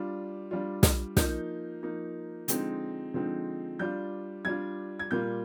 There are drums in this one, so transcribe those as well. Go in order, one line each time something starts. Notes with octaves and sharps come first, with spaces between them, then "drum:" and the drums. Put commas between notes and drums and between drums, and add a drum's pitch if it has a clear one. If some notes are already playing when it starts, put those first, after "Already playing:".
Already playing: G3 D4 F4
G3 D4 F4
drum: snare
F3 A#3 D#4 G6, drum: snare
F3 A#3 D#4
D3 F3 G#3 C4 D#4, drum: hi-hat
D3 F3 G#3 C4 D#4
G3 D4 F4 G6
G3 D4 F4 G#6
G#6
A#2 G3 A#3 F4 G6